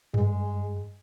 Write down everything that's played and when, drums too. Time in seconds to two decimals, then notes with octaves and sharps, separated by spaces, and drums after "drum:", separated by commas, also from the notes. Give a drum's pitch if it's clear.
0.14 G2 G#3, drum: tom G2